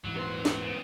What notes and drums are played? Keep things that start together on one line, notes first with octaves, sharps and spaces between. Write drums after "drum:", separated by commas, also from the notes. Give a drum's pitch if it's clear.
D#1 G#2 E3 F#3
B3 C5
drum: snare
C#3